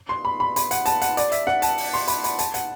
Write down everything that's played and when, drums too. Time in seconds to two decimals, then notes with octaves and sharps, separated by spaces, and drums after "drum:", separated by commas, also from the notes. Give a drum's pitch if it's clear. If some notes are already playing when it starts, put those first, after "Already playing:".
0.09 C6
0.25 B5
0.40 B5
0.56 B5, drum: hi-hat
0.71 F#5, drum: hi-hat
0.86 A5, drum: hi-hat
1.02 F#5, drum: hi-hat
1.17 D5, drum: hi-hat
1.32 E5, drum: hi-hat
1.47 F#5, drum: snare
1.62 A5, drum: hi-hat
1.78 drum: open hi-hat
1.94 C6, drum: open hi-hat
2.08 B5, drum: hi-hat
2.24 B5, drum: hi-hat
2.39 A5, drum: hi-hat
2.54 F#5, drum: hi-hat